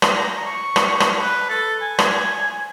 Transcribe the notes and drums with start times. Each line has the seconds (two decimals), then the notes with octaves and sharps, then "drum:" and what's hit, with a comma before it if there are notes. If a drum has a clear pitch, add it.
0.02 drum: rim click
0.16 A#5
0.46 C#6
0.76 drum: rim click
1.00 drum: rim click
1.20 B4
1.49 A4
1.82 G#5
1.99 drum: rim click